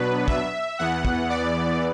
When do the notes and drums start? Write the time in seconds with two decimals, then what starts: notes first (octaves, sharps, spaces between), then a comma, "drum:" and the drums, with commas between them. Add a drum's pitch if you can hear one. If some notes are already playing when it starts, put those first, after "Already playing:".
Already playing: B2 F#3 B3 D4 B4
0.28 E5, drum: kick
0.79 E2 E3 B3 F#5
1.05 drum: kick
1.30 D5